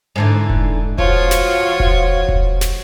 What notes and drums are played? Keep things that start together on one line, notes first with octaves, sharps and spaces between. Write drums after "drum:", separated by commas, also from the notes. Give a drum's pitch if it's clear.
G#2 D3 E3
drum: kick E1
F3 F4 F#4 C#5, drum: kick E1
drum: snare
drum: kick E1
drum: kick E1
drum: snare